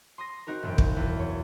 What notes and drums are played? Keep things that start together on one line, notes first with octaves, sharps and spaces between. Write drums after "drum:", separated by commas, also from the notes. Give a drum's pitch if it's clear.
C6 D#6 A#6
C4 D#4 F#4 A#4
E1 F#2 G5
drum: kick
E2
C#5